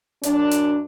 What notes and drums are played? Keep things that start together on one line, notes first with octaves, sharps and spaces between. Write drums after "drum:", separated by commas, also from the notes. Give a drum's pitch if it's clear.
F#2 D4, drum: hi-hat
drum: hi-hat